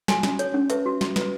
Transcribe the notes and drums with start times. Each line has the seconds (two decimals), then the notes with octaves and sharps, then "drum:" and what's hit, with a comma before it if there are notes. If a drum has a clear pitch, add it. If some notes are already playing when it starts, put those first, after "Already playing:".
0.08 F#4 G#5, drum: snare
0.23 C#4, drum: snare
0.39 C#5, drum: hi-hat
0.54 C#4
0.70 B4 E5, drum: hi-hat
0.86 F#4
1.01 F#4, drum: snare
1.16 B4, drum: snare